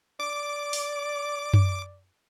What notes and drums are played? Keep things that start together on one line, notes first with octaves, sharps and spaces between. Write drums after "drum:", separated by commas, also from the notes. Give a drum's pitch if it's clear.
D5 D6
drum: open hi-hat
drum: tom F#2